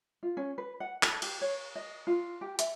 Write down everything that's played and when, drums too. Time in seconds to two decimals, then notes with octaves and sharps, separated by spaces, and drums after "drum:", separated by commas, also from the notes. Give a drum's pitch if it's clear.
0.23 F4
0.37 C#4
0.58 B4
0.80 F#5
1.03 A4, drum: clap
1.22 G4, drum: cymbal
1.41 C#5
1.75 D#5
2.07 F4
2.41 G4
2.59 E5, drum: hi-hat